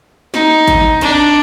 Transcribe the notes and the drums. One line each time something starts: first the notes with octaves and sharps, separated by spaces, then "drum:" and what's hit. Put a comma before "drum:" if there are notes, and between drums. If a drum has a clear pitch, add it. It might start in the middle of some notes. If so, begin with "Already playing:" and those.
D#4, drum: snare
drum: kick G#1, hi-hat
D4, drum: hi-hat